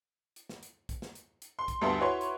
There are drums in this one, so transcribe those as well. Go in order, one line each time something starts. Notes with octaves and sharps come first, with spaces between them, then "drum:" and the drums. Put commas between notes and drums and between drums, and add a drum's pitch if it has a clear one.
drum: hi-hat
drum: snare
drum: hi-hat
drum: kick, hi-hat
drum: snare
drum: hi-hat
drum: hi-hat
C6
drum: kick, hi-hat
D2 G2 B3 E5 A5 C6
E4 F#4 B4 C#5 C6
drum: hi-hat